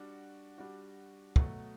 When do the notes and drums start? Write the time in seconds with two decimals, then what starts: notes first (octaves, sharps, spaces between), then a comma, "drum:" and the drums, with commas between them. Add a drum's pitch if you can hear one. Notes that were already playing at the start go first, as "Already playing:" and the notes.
Already playing: G3 D4 F#4
0.58 G3 D4 F#4
1.36 B2 F#3 A3, drum: kick